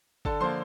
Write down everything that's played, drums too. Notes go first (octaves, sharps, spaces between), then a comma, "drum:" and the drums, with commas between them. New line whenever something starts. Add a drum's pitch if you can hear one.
D3 A4 A5, drum: kick G1
F3 A#3 C5 C6